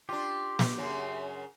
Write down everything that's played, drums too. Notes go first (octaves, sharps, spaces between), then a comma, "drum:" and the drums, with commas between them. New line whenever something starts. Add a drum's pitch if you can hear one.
D4 F4 G4
drum: snare
F#2 C#3 F#3